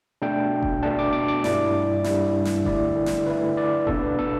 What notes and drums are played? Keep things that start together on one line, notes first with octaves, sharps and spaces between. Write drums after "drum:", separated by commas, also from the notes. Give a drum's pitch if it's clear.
B2 A3 D4 G5
drum: kick F1
B2 A3 D4 A5
D6
D6
D6
G2 G3 E4 D5, drum: snare
G2 G3 E4, drum: snare
drum: snare
D3 A3 E4 D5, drum: kick F1
A4
drum: snare
D3 A3 E4 B4
D5
B2 B3 D4 A4, drum: kick F1
B4
A4